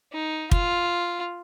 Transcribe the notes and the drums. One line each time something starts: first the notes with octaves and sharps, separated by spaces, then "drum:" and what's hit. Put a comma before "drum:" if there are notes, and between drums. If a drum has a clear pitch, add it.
D#4
F4, drum: kick